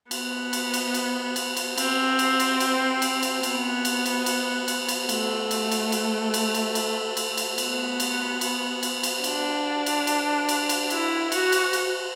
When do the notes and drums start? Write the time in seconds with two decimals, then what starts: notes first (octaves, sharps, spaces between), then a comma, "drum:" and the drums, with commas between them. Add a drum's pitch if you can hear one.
0.11 B3, drum: cymbal
0.53 drum: cymbal
0.74 drum: cymbal
0.94 drum: cymbal
1.36 drum: cymbal
1.57 drum: cymbal
1.78 C4, drum: cymbal
2.19 drum: cymbal
2.40 drum: cymbal
2.60 drum: cymbal
3.02 drum: cymbal
3.23 drum: cymbal
3.43 B3, drum: cymbal
3.85 drum: cymbal
4.06 drum: cymbal
4.26 drum: cymbal
4.68 drum: cymbal
4.89 drum: cymbal
5.09 A3, drum: cymbal
5.51 drum: cymbal
5.71 drum: cymbal
5.92 drum: cymbal
6.34 drum: cymbal
6.54 drum: cymbal
6.75 drum: cymbal
7.17 drum: cymbal
7.37 drum: cymbal
7.58 B3, drum: cymbal
8.00 drum: cymbal
8.41 drum: cymbal
8.83 drum: cymbal
9.03 drum: cymbal
9.24 D4, drum: cymbal
9.86 drum: cymbal
10.07 drum: cymbal
10.49 drum: cymbal
10.69 drum: cymbal
10.90 E4, drum: cymbal
11.32 F#4, drum: cymbal
11.52 drum: cymbal
11.73 drum: cymbal